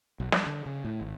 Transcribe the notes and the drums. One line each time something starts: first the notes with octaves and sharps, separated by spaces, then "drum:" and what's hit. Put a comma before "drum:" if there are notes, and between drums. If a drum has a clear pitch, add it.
B1
G3, drum: snare
D3
C#3
A2
G#1